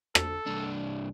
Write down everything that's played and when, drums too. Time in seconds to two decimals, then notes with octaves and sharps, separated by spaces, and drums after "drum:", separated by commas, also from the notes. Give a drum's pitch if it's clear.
0.15 A4, drum: rim click
0.46 C2 D4